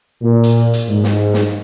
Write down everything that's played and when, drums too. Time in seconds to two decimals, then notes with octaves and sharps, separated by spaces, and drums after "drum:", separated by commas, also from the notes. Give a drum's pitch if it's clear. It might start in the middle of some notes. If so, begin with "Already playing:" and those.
0.22 A#2
0.44 drum: hi-hat
0.74 drum: hi-hat
0.89 G#2
1.04 drum: snare
1.34 drum: snare